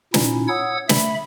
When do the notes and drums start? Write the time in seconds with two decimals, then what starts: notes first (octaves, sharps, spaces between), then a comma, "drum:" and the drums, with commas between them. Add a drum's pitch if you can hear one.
0.14 A#2 C#4 D#4 E4, drum: snare
0.48 C#5 F#5 D#6 E6 G#6
0.89 A3 E5 B5, drum: snare